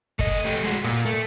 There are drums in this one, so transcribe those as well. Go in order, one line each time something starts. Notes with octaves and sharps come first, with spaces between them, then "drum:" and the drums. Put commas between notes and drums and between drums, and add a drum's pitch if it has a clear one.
A3 D#5, drum: kick G1
A3 G4
G#3 F#4
A#2, drum: rim click
A3